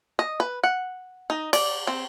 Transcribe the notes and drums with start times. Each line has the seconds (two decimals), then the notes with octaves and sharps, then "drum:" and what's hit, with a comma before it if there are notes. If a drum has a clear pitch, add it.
0.19 D#5
0.40 B4
0.64 F#5
1.30 D#4
1.53 D5, drum: cymbal
1.87 C4